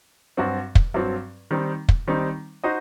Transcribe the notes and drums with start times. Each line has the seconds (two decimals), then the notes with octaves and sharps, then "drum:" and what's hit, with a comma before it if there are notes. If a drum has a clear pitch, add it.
0.37 G2 F#3 C4 F#4
0.75 drum: kick
0.94 G2 F#3 C4 F#4
1.51 D#3 G3 C4 D#4
1.89 drum: kick
2.08 D#3 G3 C4 D#4
2.64 D#4 F#4 C5 D#5